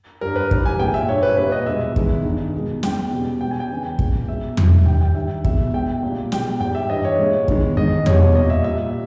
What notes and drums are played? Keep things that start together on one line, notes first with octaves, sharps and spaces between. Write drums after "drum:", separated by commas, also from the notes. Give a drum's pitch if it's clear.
G2 G3 A#4
B4
G#2 E3 G3, drum: kick
G#5
A#2 G#3 G5
E5
G2 G3 C#5
B4
A#2 G3 B4
D#5
E2 B2 G#3 E5
E2 D#3 G#3, drum: kick
G2 D#3 G#3
B2 G#3
E2 C#3 G#3 G5, drum: snare
B2 G3
B2 G#3 G5
G#5
G5
E2 C#3 E3
A#2 G#3, drum: kick
B2 G#3 E5
G#2 G3, drum: tom E2
G#2 D#3 G3 G5
G5
G2 D#3 G3 E5
E2 B2 G#3 E5, drum: kick
B2 G#3 G5
A#2 G3
B2 G#3 G5, drum: snare
G#2 G3 G5
E5
G2 E3 G3 D#5
C#5
A#2 G#3
E2 D#3 G#3, drum: kick
G#2 D#3 G#3 D#5
E2 B2 G3 C#5, drum: tom E2
A#2 G3 D#5
E5
A#2 G3 E5